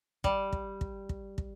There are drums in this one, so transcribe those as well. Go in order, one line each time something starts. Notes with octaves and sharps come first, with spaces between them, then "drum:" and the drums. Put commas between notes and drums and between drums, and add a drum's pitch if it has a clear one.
G3, drum: kick
drum: kick
drum: kick
drum: kick
drum: kick